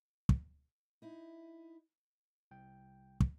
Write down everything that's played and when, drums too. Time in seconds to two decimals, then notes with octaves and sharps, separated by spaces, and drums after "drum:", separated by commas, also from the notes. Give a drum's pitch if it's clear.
0.29 drum: kick
1.02 D#4 E4
2.51 C2 G5
3.20 drum: kick